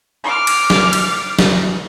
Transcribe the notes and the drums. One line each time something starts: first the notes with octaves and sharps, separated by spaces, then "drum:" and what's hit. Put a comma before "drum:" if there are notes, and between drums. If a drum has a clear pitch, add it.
D6 F6
drum: cymbal
drum: snare
drum: cymbal
drum: snare